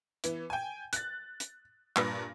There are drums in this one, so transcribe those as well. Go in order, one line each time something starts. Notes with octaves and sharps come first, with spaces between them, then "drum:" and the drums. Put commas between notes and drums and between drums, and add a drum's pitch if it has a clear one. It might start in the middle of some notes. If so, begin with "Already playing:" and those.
E3 B3, drum: hi-hat
G5 G#5
F#6 A6, drum: hi-hat
drum: hi-hat
G2 A#2 B4 A#6, drum: clap